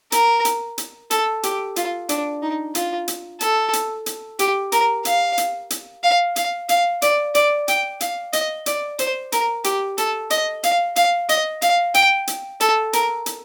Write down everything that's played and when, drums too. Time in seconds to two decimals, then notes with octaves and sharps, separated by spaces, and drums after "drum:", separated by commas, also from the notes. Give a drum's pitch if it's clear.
0.12 A#4, drum: hi-hat
0.45 drum: hi-hat
0.78 drum: hi-hat
1.11 A4, drum: hi-hat
1.43 G4, drum: hi-hat
1.76 F4, drum: hi-hat
2.09 D4, drum: hi-hat
2.42 D#4
2.75 F4, drum: hi-hat
3.08 drum: hi-hat
3.41 A4, drum: hi-hat
3.73 drum: hi-hat
4.06 drum: hi-hat
4.39 G4, drum: hi-hat
4.72 A#4, drum: hi-hat
5.05 F5, drum: hi-hat
5.38 drum: hi-hat
5.70 drum: hi-hat
6.03 F5
6.36 F5, drum: hi-hat
6.69 F5, drum: hi-hat
7.02 D5, drum: hi-hat
7.35 D5, drum: hi-hat
7.68 G5, drum: hi-hat
8.01 F5, drum: hi-hat
8.33 D#5, drum: hi-hat
8.66 D5, drum: hi-hat
8.99 C5, drum: hi-hat
9.32 A#4, drum: hi-hat
9.64 G4, drum: hi-hat
9.98 A4, drum: hi-hat
10.30 D#5, drum: hi-hat
10.63 F5, drum: hi-hat
10.96 F5, drum: hi-hat
11.29 D#5, drum: hi-hat
11.62 F5, drum: hi-hat
11.94 G5, drum: hi-hat
12.27 drum: hi-hat
12.60 A4, drum: hi-hat
12.93 A#4, drum: hi-hat
13.26 drum: hi-hat